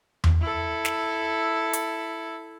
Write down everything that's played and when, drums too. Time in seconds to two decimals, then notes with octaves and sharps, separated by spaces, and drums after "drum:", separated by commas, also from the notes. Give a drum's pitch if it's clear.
0.24 drum: tom E2
0.41 E4 A4
0.85 drum: snare
1.73 drum: hi-hat